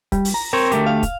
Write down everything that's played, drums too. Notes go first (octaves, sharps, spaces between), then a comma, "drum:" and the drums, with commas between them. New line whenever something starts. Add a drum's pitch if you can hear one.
G3, drum: kick, hi-hat
drum: open hi-hat
A#5
C4 A#4 C5 C#5
D2 A3 G4, drum: hi-hat
F5
drum: kick, hi-hat